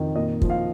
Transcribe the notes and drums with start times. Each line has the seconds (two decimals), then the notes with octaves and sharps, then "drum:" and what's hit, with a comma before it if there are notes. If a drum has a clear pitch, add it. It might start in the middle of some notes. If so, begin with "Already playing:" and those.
Already playing: F2 D#3
0.16 A#2 D#5
0.42 F3, drum: kick
0.50 F5